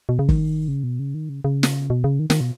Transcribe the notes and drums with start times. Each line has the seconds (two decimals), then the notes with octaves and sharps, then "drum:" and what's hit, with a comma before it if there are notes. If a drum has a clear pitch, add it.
0.09 B2
0.19 C#3
0.29 D#3, drum: kick
0.68 C#3
0.83 B2
0.99 C#3
1.14 D#3
1.29 C#3
1.44 C#3
1.63 drum: snare
1.90 B2
2.04 C#3
2.19 D#3
2.30 D#3, drum: snare
2.41 B2